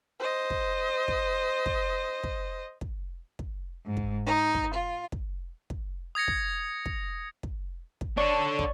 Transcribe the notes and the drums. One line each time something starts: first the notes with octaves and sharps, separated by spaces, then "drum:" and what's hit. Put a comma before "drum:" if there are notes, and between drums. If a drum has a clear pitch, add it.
C5 D#5
drum: kick
drum: kick
drum: kick
drum: kick
drum: kick
drum: kick
G#2
drum: kick
D#4
drum: kick
F4
drum: kick
drum: kick
D#6 G#6 A#6 C#7
drum: kick
drum: kick
drum: kick
drum: kick
D4 A4 C#5 D5 C#6
drum: kick